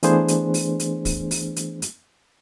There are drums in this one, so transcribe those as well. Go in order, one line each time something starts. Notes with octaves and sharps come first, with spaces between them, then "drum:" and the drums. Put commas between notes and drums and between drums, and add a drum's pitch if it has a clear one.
E3 A3 B3 D4 G#4 C5, drum: hi-hat
drum: hi-hat
drum: open hi-hat
drum: hi-hat
drum: kick, open hi-hat
drum: open hi-hat
drum: hi-hat
drum: hi-hat